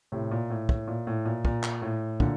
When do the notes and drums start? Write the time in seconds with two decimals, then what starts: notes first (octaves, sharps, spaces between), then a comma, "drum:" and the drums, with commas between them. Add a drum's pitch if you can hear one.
0.12 A2 C3
0.31 A#2
0.50 A2
0.69 A2, drum: kick
0.88 A#2
1.07 A2
1.25 A#2
1.45 A#2, drum: kick
1.63 drum: clap
1.82 A2
2.20 A#2 D3, drum: kick